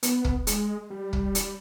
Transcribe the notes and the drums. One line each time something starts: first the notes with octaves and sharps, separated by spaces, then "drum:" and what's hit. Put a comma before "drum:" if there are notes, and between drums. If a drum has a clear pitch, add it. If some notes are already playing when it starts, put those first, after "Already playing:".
B3, drum: hi-hat
drum: kick
G#3, drum: hi-hat
G3
drum: kick
drum: hi-hat